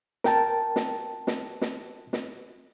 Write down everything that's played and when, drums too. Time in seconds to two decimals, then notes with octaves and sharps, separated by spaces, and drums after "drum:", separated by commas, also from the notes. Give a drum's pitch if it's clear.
0.24 A#4 G5 A5, drum: snare
0.76 drum: snare
1.27 drum: snare
1.61 drum: snare
2.13 drum: snare